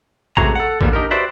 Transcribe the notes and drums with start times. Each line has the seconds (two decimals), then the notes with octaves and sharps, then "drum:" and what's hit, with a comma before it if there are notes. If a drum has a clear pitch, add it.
0.37 C#2 C3 A3 F#4 G#4 A#5, drum: kick A#1
0.55 A4 F#5
0.81 D3 E3 G3 G#3 A#3 B3, drum: kick A#1
0.93 D4 D#4 G4 A#4
1.11 F#4 G4 B4 C5 D5 E5